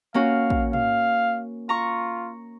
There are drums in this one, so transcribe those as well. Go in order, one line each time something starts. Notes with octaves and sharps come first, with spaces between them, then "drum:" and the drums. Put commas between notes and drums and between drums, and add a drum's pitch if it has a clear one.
A#3 C#4 F#4 F5
drum: kick A#1
F5, drum: tom
F4 A#5 C#6